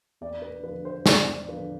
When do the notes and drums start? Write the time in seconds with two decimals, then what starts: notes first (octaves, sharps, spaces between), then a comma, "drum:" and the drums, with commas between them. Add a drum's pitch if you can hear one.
0.21 E2 D5
0.42 B4
0.63 D3 F3 B4
0.85 C5
1.06 E2 D5, drum: snare
1.49 D3 F3 B4